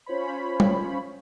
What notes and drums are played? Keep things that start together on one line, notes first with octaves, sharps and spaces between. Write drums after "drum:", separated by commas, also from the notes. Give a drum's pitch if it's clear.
C#4 F4 C5 C#5 B5
drum: tom G3